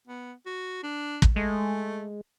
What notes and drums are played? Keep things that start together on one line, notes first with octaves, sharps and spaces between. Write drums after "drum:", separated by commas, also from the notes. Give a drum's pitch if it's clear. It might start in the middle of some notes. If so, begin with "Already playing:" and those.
B3
F#4
D4
drum: kick
G#3 A3